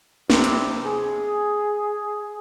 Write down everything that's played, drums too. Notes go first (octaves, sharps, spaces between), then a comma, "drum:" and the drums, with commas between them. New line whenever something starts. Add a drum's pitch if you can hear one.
G2 C3, drum: snare
drum: hi-hat
G#4